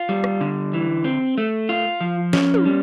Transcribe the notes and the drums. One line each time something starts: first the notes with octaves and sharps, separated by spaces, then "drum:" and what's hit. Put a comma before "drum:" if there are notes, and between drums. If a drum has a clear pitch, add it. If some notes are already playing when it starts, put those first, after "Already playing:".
Already playing: F4
G3
drum: rim click
D3
E3
C4
A3
F4
F3
C#4, drum: snare
drum: tom
G3